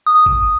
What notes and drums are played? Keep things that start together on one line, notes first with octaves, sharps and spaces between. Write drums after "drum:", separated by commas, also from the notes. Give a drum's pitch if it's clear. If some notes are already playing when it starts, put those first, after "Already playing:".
D#6
drum: kick